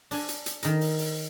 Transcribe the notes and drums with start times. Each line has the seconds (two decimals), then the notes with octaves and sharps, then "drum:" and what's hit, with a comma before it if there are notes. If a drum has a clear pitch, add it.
0.11 D4 G#5, drum: open hi-hat
0.29 drum: hi-hat
0.46 drum: hi-hat
0.63 D#3 A#4, drum: hi-hat
0.81 drum: open hi-hat
0.98 drum: open hi-hat